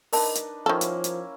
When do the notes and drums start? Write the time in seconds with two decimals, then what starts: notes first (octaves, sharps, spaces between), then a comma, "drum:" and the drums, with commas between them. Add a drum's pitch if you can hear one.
0.13 D4 D#4 A#4 B4 D#5 A5, drum: open hi-hat
0.35 drum: hi-hat
0.66 D#3 F3 A#3 C#4 E4 A4
0.81 drum: hi-hat
1.04 drum: hi-hat